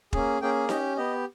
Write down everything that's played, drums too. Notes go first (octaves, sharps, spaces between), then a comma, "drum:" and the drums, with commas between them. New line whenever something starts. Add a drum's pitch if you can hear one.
A#3 C#4 G#4, drum: kick
A#3 C#4 G#4 G5
C#4 G4 D#5, drum: snare D#4
B3 G4 D#5